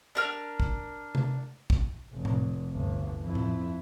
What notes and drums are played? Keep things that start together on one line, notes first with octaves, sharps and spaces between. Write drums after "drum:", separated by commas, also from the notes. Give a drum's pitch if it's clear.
D4 A#4 F6
drum: kick
drum: tom C3
drum: kick
F1
drum: tom A2
G1 D2
F2 E4
drum: tom A2